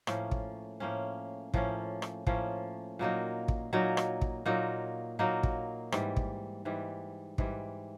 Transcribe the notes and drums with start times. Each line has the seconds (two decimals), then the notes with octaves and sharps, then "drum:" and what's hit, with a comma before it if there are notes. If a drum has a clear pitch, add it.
0.07 A2 F3 A#3 C#4, drum: rim click
0.31 drum: kick
0.80 A2 F3 A#3 C#4
1.54 A2 F3 A#3 C#4, drum: kick
2.02 drum: rim click
2.27 A2 F3 A#3 C#4, drum: kick
2.99 A#2 F#3 A#3 D#4
3.48 drum: kick
3.73 A#2 F#3 A#3 D#4
3.97 drum: rim click
4.21 drum: kick
4.46 A#2 F#3 A#3 D#4
5.19 A#2 F#3 A#3 D#4
5.43 drum: kick
5.92 G#2 E3 G3, drum: rim click
6.17 drum: kick
6.65 G#2 E3 G3
7.38 G#2 E3 G3, drum: kick